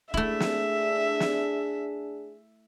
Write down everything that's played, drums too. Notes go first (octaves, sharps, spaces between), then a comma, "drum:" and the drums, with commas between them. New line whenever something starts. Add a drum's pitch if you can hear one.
A3 D4 E4 G#4 E5, drum: kick
drum: snare
drum: snare